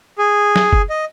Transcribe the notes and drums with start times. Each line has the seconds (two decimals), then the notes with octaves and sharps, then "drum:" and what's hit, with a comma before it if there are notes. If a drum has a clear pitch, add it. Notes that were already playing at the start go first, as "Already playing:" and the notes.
0.18 G#4
0.56 drum: snare
0.73 drum: kick F#1
0.90 D#5